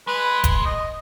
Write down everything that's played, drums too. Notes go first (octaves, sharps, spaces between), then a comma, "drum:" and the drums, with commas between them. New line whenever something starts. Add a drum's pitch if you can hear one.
G#3 B4
drum: kick E1, hi-hat
D#5